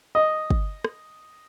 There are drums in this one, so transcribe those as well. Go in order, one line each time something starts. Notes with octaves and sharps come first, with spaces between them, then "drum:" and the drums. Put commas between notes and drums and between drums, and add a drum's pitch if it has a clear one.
D#5
drum: kick
drum: rim click